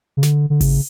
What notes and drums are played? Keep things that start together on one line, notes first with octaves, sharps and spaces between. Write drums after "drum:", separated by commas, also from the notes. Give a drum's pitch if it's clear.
C#3
D3, drum: snare
D3
C#3, drum: kick G#1, open hi-hat